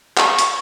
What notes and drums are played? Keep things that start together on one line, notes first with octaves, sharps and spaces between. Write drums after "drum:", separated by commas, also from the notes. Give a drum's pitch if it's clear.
C#6, drum: clap
drum: hi-hat